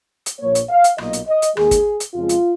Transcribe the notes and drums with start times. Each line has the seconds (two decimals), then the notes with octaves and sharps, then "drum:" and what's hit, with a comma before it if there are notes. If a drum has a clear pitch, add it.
0.26 drum: hi-hat
0.40 A#1 A#2 F3 A#3 C#5
0.55 drum: hi-hat
0.69 F5
0.84 drum: hi-hat
0.98 B1 A#2 F#3 A#3 D#5, drum: rim click
1.13 drum: hi-hat
1.28 D#5
1.42 drum: hi-hat
1.57 D#2 D#3 G#3 G#4, drum: rim click
1.71 drum: kick, hi-hat
2.00 drum: hi-hat
2.14 F2 C#3 F3 G#3 F4
2.29 drum: hi-hat